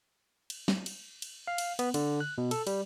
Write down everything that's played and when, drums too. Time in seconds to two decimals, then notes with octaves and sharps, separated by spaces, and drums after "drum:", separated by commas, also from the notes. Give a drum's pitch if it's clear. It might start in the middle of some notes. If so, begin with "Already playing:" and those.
0.50 drum: cymbal
0.68 drum: snare
0.86 drum: cymbal
1.22 drum: cymbal
1.47 F5
1.58 drum: cymbal
1.79 B3, drum: cymbal
1.94 D3, drum: cymbal
2.20 F#6
2.38 B2
2.51 A4, drum: cymbal
2.67 G3, drum: cymbal